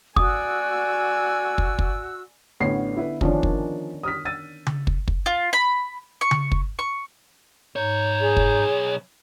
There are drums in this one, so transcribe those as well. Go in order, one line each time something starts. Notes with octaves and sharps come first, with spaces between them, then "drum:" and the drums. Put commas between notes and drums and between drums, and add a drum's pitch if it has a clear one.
F#4 D5 G#5 D#6 E6, drum: kick
drum: kick
drum: kick
A1 D3 B3 C#5 C7
E4 B4
D#3 F3 C#4 D4, drum: kick
drum: kick
D#6 F6 B6
E6 A6 D#7
drum: tom C#3
drum: kick
drum: kick
F4
B5
C#6
drum: tom C#3
drum: kick
C#6
B1 G#2 C#5 A#5 G6
G#4
drum: kick